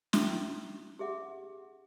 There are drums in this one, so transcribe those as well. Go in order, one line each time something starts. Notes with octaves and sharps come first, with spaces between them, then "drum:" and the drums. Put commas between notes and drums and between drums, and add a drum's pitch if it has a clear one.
C#4 D#4 F#4 E5 C#6, drum: snare
G4 G#4 E5 F#5